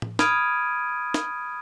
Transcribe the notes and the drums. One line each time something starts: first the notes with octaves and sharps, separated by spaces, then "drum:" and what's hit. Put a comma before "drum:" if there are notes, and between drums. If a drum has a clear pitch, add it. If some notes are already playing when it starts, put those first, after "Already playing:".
drum: tom A2
B5 D#6 F6 G#6 D7 D#7, drum: snare
drum: snare